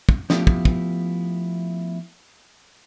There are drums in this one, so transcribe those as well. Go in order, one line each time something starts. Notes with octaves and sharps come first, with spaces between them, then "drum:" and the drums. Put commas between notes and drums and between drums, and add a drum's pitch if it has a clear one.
drum: kick
F3 A3 B3 E4 F4 G4, drum: snare
drum: kick
drum: kick